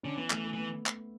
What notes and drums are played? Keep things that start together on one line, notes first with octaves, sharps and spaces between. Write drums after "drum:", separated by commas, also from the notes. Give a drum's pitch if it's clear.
D3 C#4
E3 B3
E3 A3, drum: clap
A3
E3 B3
drum: clap